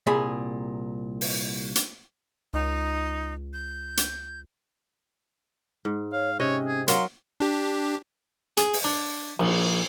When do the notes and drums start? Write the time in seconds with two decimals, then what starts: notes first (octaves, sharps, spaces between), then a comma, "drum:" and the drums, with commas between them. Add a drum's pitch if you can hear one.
0.07 C2 A#2 G#4 B5
1.21 drum: open hi-hat
1.75 drum: hi-hat
2.54 C#2 D#4
3.53 G6
3.97 drum: hi-hat
5.85 G#2
6.13 C#5 F5
6.40 C3 C#4 C#5 D#5
6.67 G#4
6.88 F#3 A#4 F5 C6, drum: hi-hat
7.40 D4 G4
8.57 G#4, drum: hi-hat
8.73 drum: open hi-hat
8.84 D4
9.40 A#1, drum: cymbal